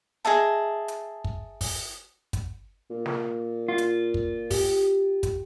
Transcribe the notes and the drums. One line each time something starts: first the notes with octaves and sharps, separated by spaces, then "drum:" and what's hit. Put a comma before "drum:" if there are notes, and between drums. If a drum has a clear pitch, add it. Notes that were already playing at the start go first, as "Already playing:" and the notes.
G#4 D#5 E5 A5
drum: hi-hat
drum: kick
drum: kick, open hi-hat
drum: kick, hi-hat
A#2
drum: snare
F4
drum: hi-hat
drum: kick
G4, drum: kick, open hi-hat
drum: kick, hi-hat